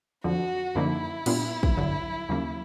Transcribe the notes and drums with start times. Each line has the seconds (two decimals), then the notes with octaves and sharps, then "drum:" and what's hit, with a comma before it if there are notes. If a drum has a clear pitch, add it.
0.24 F2 D3 F3 F#4
0.75 F#2 D3 F3 A#3 D#4 E4
1.26 A#2 G3 B3 D4 F4, drum: cymbal
1.63 drum: kick
1.77 G2 D3 F#3
2.29 D#2 C#3 F#3 A#3 C#4